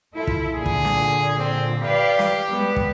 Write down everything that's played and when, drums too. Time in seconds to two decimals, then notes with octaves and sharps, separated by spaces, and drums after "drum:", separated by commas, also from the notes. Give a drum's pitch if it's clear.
0.15 E4 F4 A4
0.27 drum: kick
0.54 A#2 D3 G#4
0.66 drum: kick
0.85 drum: snare
1.39 C4
1.81 G4 B4 D5 F5
2.19 drum: snare
2.49 G3 G#3 B3
2.76 drum: kick